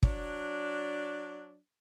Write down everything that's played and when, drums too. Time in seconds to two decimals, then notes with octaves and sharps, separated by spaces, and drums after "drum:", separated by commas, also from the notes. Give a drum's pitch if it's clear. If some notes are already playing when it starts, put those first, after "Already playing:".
0.03 F#3 D4, drum: kick